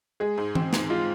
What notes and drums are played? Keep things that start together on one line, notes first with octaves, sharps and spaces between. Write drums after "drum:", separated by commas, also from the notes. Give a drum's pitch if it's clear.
G#3 G#4
G#2
C4, drum: tom E3
G#2, drum: snare
G#3 F4